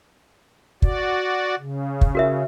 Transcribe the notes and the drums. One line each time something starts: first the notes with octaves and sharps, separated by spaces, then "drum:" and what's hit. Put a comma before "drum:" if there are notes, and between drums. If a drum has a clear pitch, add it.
F#4 D5, drum: kick
C#3
drum: kick
F#4 A#4 E5